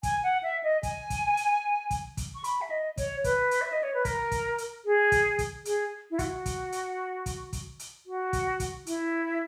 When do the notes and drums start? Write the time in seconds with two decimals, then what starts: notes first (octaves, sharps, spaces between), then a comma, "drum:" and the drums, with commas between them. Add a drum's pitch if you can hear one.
0.03 G#5, drum: kick, hi-hat
0.23 F#5
0.43 E5
0.63 D#5
0.83 G#5, drum: kick, hi-hat
1.10 drum: kick, hi-hat
1.37 drum: hi-hat
1.91 drum: kick, hi-hat
2.17 drum: kick, hi-hat
2.35 C#6
2.44 B5, drum: hi-hat
2.61 E5
2.70 D#5
2.97 C#5, drum: kick, hi-hat
3.24 B4, drum: kick, hi-hat
3.51 drum: hi-hat
3.61 E5
3.73 D#5
3.83 C#5
3.94 B4
4.05 A#4, drum: kick, hi-hat
4.31 drum: kick, hi-hat
4.58 drum: hi-hat
4.85 G#4
5.12 drum: kick, hi-hat
5.39 drum: kick, hi-hat
5.65 G#4, drum: hi-hat
6.11 E4
6.19 F#4, drum: kick, hi-hat
6.46 drum: kick, hi-hat
6.72 drum: hi-hat
7.26 drum: kick, hi-hat
7.53 drum: kick, hi-hat
7.79 drum: hi-hat
8.06 F#4
8.33 drum: kick, hi-hat
8.60 drum: kick, hi-hat
8.86 E4, drum: hi-hat